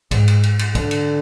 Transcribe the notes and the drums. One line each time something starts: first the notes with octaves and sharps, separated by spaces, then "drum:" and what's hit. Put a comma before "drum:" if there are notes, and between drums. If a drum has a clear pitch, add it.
G#2, drum: kick, cymbal
drum: cymbal
drum: cymbal
drum: cymbal
D3, drum: kick, cymbal
drum: cymbal